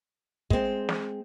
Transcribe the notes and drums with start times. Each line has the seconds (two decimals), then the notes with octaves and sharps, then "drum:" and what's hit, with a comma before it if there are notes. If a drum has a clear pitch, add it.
0.50 G#3 C4, drum: kick
0.89 drum: snare